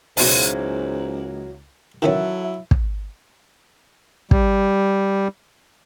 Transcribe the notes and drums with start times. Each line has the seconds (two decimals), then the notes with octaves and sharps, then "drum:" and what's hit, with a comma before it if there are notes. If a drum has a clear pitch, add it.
0.17 C#2 G#2 B2 E3 F#3 A#3 A5, drum: open hi-hat
2.02 D#3 E3 F#3 C#4 E4 A4 E5 F#5
2.71 drum: kick
4.31 G3, drum: kick